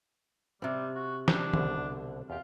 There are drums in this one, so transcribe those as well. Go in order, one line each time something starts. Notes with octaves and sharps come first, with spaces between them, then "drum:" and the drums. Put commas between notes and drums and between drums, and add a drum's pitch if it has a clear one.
C3 G3 C4
F#4
D4 C5, drum: snare
C2 B2 D3, drum: tom
E2 F4 G4